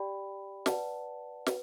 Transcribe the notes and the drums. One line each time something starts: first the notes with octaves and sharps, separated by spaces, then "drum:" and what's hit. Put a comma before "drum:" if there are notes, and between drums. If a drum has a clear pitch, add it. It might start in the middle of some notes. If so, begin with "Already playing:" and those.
Already playing: G4 D5 G5 B5
B4 D5 F#5 A5, drum: snare
B4, drum: snare